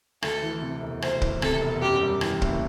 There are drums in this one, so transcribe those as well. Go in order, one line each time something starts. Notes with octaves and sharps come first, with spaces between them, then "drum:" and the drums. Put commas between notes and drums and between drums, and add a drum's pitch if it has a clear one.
D2 A4, drum: rim click
E3
C3
E1
D2 C5, drum: rim click
E3, drum: kick
C3 A4, drum: rim click
E1
F#2 G4
G3
E3, drum: rim click
F#1, drum: kick